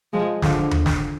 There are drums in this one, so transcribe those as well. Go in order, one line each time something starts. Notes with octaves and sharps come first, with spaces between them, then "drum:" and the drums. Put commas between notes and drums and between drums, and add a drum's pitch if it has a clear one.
F3 G#3
D3 F3, drum: snare
drum: tom D#2
drum: snare